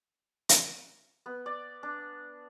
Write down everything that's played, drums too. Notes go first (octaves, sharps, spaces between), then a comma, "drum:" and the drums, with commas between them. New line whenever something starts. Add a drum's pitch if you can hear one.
drum: hi-hat
B3
D5
D4